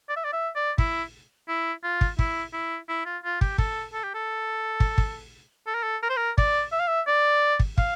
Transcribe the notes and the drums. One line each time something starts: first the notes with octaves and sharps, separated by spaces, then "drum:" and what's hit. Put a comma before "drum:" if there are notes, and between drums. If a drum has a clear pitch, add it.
D5
E5
D5
E5
D5
E4, drum: kick
E4
F4
drum: kick
E4, drum: kick
E4
E4
F4
F4
G4, drum: kick
A4, drum: kick
A4
G4
A4
drum: kick
drum: kick
A4
A#4
A4
A#4
C5
A#4
D5, drum: kick
E5
F5
E5
D5
drum: kick
F5, drum: kick